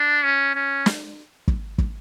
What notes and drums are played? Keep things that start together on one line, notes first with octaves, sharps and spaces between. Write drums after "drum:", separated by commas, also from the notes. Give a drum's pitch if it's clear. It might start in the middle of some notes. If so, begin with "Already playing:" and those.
Already playing: D4
C#4
C#4
drum: snare
drum: kick
drum: kick